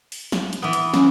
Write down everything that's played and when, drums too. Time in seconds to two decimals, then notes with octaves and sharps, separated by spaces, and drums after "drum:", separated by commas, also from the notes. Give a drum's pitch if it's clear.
0.12 drum: open hi-hat
0.32 drum: snare
0.53 drum: hi-hat
0.62 E3 B3
0.73 drum: hi-hat
0.94 C#4, drum: snare